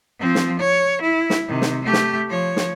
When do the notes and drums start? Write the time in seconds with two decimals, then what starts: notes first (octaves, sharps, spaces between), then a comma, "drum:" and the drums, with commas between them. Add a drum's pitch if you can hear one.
0.19 F3 C4
0.35 drum: snare
0.60 C#5
1.02 E4
1.30 drum: snare
1.48 C3 D#3
1.62 drum: snare
1.84 A3 G4
1.93 drum: snare
2.29 F3 C#5
2.56 drum: snare